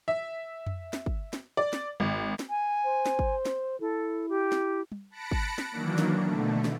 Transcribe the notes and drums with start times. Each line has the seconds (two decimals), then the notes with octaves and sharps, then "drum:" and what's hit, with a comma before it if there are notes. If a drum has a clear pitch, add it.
0.08 E5
0.67 drum: tom F2
0.93 drum: snare
1.06 drum: kick
1.33 drum: snare
1.57 D5
1.73 drum: snare
2.00 G#1
2.39 drum: snare
2.50 G#5
2.84 C5
3.06 drum: snare
3.19 drum: kick
3.45 drum: snare
3.80 E4 A4
4.29 G4
4.52 drum: snare
4.92 drum: tom
5.10 A5 B5 F#6 A#6 C#7 D7
5.31 drum: kick
5.58 drum: snare
5.71 D#3 E3 F#3 A#3 D4
5.98 drum: snare
6.17 B2 D3 A3
6.64 drum: snare